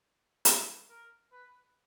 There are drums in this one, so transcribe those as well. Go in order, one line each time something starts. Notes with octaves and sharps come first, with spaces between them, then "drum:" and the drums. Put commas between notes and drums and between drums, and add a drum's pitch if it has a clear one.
drum: hi-hat
A#4
B4